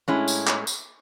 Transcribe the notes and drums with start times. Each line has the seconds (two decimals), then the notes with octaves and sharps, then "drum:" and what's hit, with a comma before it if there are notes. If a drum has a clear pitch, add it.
0.08 A2 G#3 C#4 E4
0.28 drum: tambourine
0.47 drum: clap
0.67 drum: tambourine